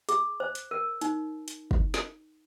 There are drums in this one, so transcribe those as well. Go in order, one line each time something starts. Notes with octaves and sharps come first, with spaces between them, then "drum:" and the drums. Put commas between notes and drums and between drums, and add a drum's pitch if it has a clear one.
G#4, drum: hi-hat
C5
drum: hi-hat
A#4
D#4, drum: hi-hat
drum: hi-hat
drum: kick
drum: snare